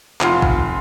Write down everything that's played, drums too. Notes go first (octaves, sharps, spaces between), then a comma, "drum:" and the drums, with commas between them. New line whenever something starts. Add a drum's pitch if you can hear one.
F1 F4 F#5 C6, drum: clap
drum: kick